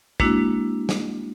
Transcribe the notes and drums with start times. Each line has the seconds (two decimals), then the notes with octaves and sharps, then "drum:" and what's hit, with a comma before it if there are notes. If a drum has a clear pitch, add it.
0.20 G#3 A#3 D4 E4 F#4, drum: kick
0.89 drum: snare